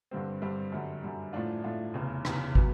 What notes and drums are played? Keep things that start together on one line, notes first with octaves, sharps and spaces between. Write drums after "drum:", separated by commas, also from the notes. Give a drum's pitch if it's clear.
G2 D3 G3 C4
G2 D3 G3 C4
F#2 D3 G3
F#2 D3 G3
A2 F3 A3 D4 F4
A2 F3 A3 D4 F4
F1 E2 C#3
F1 E2 C#3, drum: rim click
F#3 B3, drum: kick